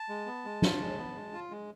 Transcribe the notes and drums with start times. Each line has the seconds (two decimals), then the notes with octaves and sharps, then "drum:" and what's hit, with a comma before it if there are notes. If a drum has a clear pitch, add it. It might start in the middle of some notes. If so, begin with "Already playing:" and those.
Already playing: A5
0.09 G#3
0.26 B3
0.45 G#3
0.62 F4, drum: snare
0.80 G#3
0.98 B3
1.16 G#3
1.33 F4
1.51 G#3